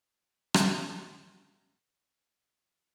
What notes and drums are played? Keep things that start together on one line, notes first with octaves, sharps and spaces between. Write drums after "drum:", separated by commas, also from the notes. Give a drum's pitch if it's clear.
F2 G3 G5 A5
drum: rim click